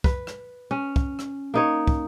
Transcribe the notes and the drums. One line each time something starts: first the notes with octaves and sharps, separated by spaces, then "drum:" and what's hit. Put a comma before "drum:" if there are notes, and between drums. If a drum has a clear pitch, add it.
B4, drum: kick
drum: rim click
C#4
drum: kick
drum: rim click
A#3 D#4 C#5
drum: kick